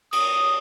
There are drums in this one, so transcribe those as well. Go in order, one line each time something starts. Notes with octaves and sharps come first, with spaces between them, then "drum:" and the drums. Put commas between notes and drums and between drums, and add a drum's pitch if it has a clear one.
D#6, drum: cymbal